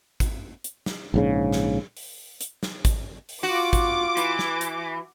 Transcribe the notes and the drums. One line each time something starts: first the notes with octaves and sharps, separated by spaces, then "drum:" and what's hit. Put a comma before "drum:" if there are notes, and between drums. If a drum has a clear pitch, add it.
drum: kick, hi-hat
drum: hi-hat
drum: snare
A#1 G#2 C#3
drum: snare
drum: open hi-hat
drum: hi-hat
drum: snare
drum: kick, hi-hat
drum: open hi-hat
F4 F#4 D6
drum: kick, hi-hat
E3, drum: hi-hat
drum: snare
drum: hi-hat